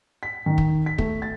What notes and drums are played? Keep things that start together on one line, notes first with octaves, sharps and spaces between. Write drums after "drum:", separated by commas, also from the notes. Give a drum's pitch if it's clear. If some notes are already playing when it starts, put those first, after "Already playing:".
B6
D#3
drum: kick
B6
A3, drum: kick
A6